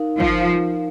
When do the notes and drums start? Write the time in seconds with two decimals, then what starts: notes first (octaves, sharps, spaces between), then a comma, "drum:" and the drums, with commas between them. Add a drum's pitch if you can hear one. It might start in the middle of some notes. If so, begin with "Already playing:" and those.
Already playing: D#4 A#4 F5
0.20 F3, drum: kick